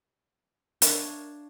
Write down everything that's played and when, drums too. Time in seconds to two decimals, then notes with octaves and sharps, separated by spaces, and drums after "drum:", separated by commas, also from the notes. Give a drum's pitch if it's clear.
0.82 D4 A#4 C#5 E5 F5, drum: hi-hat